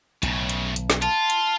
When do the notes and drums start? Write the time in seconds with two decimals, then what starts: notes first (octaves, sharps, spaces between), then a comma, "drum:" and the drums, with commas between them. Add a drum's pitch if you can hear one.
0.23 B1 A2 C#3, drum: hi-hat
0.49 drum: hi-hat
0.76 drum: hi-hat
0.90 drum: snare
1.02 F4 A5, drum: hi-hat
1.30 drum: hi-hat